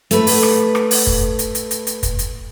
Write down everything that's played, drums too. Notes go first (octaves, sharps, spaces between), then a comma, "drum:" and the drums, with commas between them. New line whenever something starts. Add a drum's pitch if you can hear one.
A3 B4, drum: hi-hat
drum: open hi-hat
drum: rim click
drum: rim click
drum: open hi-hat
drum: kick
drum: hi-hat
drum: hi-hat
drum: hi-hat
drum: hi-hat
drum: kick, hi-hat
drum: hi-hat